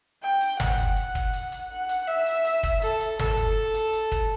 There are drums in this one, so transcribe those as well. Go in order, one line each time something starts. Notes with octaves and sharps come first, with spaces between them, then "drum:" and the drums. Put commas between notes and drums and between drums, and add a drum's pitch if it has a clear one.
G5
drum: hi-hat
F#5, drum: tom G1
drum: hi-hat
drum: hi-hat
drum: kick, hi-hat
drum: hi-hat
drum: hi-hat
F#5
drum: hi-hat
E5
drum: hi-hat
drum: hi-hat
drum: kick, hi-hat
A4, drum: hi-hat
drum: hi-hat
A4, drum: tom G1
drum: hi-hat
drum: hi-hat
drum: hi-hat
drum: kick, hi-hat